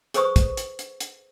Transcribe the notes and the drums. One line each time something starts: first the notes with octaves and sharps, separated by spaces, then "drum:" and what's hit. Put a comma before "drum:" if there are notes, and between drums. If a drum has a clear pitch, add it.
G#4 A4 B4 C5 C#6 D#6, drum: hi-hat
drum: kick, hi-hat
drum: hi-hat
drum: hi-hat
drum: hi-hat